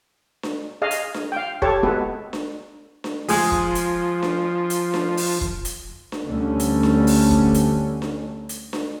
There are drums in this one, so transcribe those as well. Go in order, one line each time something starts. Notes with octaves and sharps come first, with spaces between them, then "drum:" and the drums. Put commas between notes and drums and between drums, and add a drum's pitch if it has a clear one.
drum: snare D4
G#4 D#5 F5
drum: hi-hat
drum: snare D4
F5 G5
G4 A4 C#5 A5, drum: kick
G#3 B3 F#4 A4 B4
drum: snare D4
drum: snare D4
F3 G#3 G#4, drum: open hi-hat
drum: kick
drum: hi-hat
drum: snare D4
drum: hi-hat
drum: snare D4
drum: open hi-hat
drum: kick
drum: hi-hat
drum: snare D4
D2 D3 G3 A3 C#4
drum: hi-hat
drum: snare D4
drum: open hi-hat
drum: kick
drum: hi-hat
drum: snare D4
drum: hi-hat
drum: snare D4